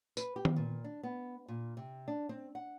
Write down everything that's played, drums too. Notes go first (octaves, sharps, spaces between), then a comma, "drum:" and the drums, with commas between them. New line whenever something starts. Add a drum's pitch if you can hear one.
B4, drum: tambourine
G4
drum: tom D#3
A#2
D4
B3
A#2
C3
D4
C4
F#5